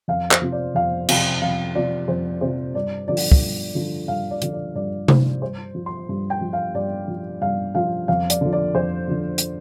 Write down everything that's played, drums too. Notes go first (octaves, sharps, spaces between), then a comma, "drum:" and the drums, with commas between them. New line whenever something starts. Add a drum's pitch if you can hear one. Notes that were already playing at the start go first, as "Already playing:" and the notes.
F2 F5
C5, drum: clap
C3 F3
D5
F2 F5
C3 F3 F5, drum: cymbal
F2 F5
C3 F3 D5
F2 C5
C3 F3 C5
G2 D5
D3 F3 D5
drum: open hi-hat
drum: kick
G2
D3 F3
G2 F5
D5
D3 F3, drum: hi-hat
D5
G2 D5
D3 F3 C5, drum: tom C3
G2 C5
F3
C6
G2
G5
F3
F5
G2 D5
F3
G2 F5
F3 F5
F2 F5
D5, drum: hi-hat
D3 F3
D5
F2 C5
D3 F3
drum: hi-hat